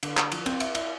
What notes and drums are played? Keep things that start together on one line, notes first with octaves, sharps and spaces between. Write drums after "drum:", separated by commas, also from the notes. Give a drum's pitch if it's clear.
D3, drum: cymbal
drum: clap
F3, drum: cymbal
C4, drum: cymbal
E4, drum: cymbal
E4, drum: cymbal